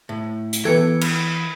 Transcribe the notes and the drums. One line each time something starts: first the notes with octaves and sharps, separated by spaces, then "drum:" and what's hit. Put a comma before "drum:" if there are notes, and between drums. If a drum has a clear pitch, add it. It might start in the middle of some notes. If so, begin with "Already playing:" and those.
A2
drum: hi-hat
E3 B3 A4 B4 G5 E6 G#6 C#7
B5, drum: cymbal